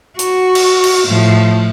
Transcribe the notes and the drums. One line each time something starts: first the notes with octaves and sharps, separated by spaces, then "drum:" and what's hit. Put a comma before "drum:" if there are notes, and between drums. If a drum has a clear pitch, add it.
F#4, drum: hi-hat
drum: cymbal
drum: cymbal
A2 F3